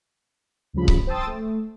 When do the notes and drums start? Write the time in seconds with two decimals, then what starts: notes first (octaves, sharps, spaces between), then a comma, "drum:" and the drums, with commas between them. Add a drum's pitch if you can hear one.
0.73 D2 G2 C#3 F3 B5
0.88 drum: kick C#1
1.07 C5 G5 A5 D#6 E6 A6
1.27 A3